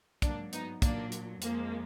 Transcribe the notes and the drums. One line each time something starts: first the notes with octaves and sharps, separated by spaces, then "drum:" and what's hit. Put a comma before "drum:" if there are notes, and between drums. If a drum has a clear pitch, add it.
G#2 F#3 A#3 D4, drum: kick, hi-hat
B3 D#4, drum: hi-hat
A#2 F#3 A#3 D4, drum: kick, hi-hat
drum: hi-hat
F2 F3 G#3 A#3, drum: hi-hat